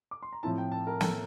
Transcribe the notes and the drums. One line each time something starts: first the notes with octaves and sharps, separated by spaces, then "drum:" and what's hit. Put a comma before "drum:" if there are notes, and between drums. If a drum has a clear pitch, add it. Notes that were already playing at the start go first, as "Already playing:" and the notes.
D6
C6
A#5
A2 F3 C4 E4 A5
G5
A5
A#4
A4, drum: snare